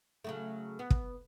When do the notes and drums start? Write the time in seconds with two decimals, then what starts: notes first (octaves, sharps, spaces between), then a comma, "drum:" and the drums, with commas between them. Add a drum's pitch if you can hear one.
0.24 C#3 F#3 A3
0.79 B3
0.90 drum: kick